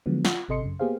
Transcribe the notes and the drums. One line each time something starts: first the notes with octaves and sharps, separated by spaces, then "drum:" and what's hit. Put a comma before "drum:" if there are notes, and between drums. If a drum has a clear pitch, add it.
D3 F3 F#3 G#3 B3
F4 F#5, drum: snare
G#1 C3 A4 D#5 C6 C#7
F#2 C#3
A#3 B3 G4 G#4 C5 F5